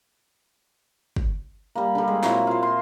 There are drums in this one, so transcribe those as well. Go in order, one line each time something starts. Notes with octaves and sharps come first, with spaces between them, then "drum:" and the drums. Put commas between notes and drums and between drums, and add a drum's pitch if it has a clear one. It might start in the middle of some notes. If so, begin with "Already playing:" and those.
drum: kick
G3 A#3
D3 G3
G#3
A#2 F#3 C4 E4, drum: snare
F4 C5
C6